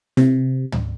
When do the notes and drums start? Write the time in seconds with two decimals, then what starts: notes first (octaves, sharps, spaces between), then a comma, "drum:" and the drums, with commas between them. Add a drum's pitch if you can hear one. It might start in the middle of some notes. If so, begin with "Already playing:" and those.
0.17 C3, drum: snare E4
0.72 drum: tom